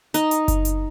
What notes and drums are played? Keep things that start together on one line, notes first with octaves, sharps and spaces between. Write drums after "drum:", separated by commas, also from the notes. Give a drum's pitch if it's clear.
D#4, drum: hi-hat
drum: hi-hat
drum: kick F#1, hi-hat
drum: hi-hat